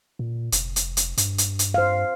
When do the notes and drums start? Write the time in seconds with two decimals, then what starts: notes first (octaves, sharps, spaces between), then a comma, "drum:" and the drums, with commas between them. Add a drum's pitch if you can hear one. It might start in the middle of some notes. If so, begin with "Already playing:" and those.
0.19 A#2
0.52 F1, drum: hi-hat
0.76 drum: hi-hat
0.97 drum: hi-hat
1.17 G2, drum: hi-hat
1.38 drum: hi-hat
1.59 drum: hi-hat
1.74 C5 F5